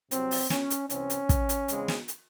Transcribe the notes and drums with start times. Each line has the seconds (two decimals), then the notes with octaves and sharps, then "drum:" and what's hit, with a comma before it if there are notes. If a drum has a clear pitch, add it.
0.11 C2 C3 F#3 C4, drum: hi-hat
0.31 drum: open hi-hat
0.50 C#4, drum: snare
0.70 drum: hi-hat
0.90 C2 C3 E3 C4 C#4, drum: hi-hat
1.10 drum: hi-hat
1.29 drum: kick, hi-hat
1.49 drum: hi-hat
1.68 E2 C#3 G#3 C4, drum: hi-hat
1.88 drum: snare
2.08 drum: hi-hat